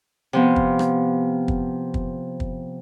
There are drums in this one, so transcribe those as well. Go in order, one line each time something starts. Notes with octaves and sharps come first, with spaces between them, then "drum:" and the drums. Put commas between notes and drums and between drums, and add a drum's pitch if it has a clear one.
C3 F3 B3
drum: kick
drum: rim click
drum: kick
drum: kick
drum: kick